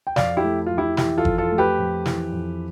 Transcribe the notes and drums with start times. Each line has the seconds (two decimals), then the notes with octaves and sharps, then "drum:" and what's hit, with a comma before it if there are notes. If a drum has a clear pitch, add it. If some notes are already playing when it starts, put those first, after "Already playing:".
0.07 G5
0.16 F2 D5 F5, drum: snare
0.37 E4 G4
0.44 A3
0.66 F2 F4
0.77 E4 G4
0.97 E3 E4 G4, drum: snare
1.18 F4 A4
1.25 F2, drum: kick F#1
1.38 F4 A4
1.51 A3
1.58 G4 B4
1.78 F2
2.06 E3, drum: snare
2.32 F2